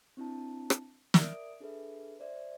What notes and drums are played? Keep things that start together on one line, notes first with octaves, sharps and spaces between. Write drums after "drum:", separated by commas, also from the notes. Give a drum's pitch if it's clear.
C4 D4 E4 A5
drum: rim click
A#4 D5 E5 D6 D#6 D7, drum: snare
D4 G#4 A4 B4 E5
C5 D5 E5